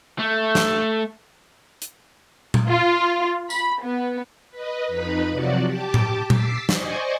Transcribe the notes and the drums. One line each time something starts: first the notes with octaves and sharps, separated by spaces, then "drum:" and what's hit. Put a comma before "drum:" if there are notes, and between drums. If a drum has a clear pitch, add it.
A3
drum: snare
drum: hi-hat
drum: tom A#2
F4
B5, drum: tambourine
B3
B4 D#5
F2 D#4 B4 B5
C3 F3 F#3 F#4 D5 F#5
G4 A5 D6
drum: tom A2
D6 E6 A6 B6 C7, drum: tom A#2
C5 D5 D#5 G#5 C#6, drum: snare